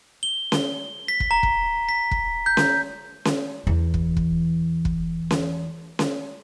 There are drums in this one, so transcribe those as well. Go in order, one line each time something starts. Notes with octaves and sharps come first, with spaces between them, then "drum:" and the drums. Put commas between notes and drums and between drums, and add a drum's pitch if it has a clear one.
G7
drum: snare C#4
B6
drum: kick
A#5
drum: kick
B6
drum: kick
G6
drum: snare C#4
drum: snare C#4
E2 E3
drum: kick
drum: kick
drum: kick
drum: snare C#4
drum: snare C#4